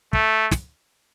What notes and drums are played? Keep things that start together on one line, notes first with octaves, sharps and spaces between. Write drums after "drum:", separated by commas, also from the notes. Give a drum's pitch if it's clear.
A3, drum: kick
drum: snare